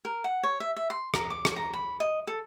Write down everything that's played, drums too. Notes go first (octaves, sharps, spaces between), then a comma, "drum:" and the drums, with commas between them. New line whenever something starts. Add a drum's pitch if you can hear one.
A#4
F#5
C#5
E5
E5
C6
A#4, drum: rim click
D6
drum: rim click
A#5
B5
D#5
A4